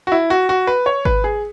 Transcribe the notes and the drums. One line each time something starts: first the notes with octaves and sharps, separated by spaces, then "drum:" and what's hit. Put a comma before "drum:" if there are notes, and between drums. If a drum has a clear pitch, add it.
F#4
E4
F#4
F#4
B4
C#5
B4, drum: kick G#1
G#4